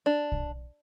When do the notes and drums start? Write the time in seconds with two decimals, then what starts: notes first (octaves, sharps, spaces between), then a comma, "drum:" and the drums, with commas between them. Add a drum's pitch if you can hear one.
0.06 D4
0.32 drum: kick B1